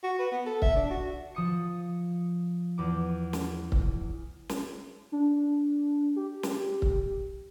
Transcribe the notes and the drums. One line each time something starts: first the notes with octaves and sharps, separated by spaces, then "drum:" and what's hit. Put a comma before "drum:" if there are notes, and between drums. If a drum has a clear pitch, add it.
F#4
B4
B3
A4
E5, drum: kick C#1
D4
F#4
F3 D#6 C#7
E2 D6
drum: snare
drum: kick C#1
drum: snare
D4
G4
drum: snare
drum: kick C#1